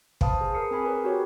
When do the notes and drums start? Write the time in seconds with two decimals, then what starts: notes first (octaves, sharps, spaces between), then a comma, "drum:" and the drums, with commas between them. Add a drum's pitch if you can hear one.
0.21 B4 C5 F5 A5 B5 D#6, drum: kick
0.41 G#4
0.54 A#4 D#6 C7 C#7
0.71 C4 G#4 G#5 B5
0.84 A#4 B4 C#5
1.04 F#4 G4 C#5